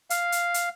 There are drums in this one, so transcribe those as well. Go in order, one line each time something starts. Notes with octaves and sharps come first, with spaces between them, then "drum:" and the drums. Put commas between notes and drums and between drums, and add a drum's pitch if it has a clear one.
F5, drum: hi-hat
drum: hi-hat
drum: hi-hat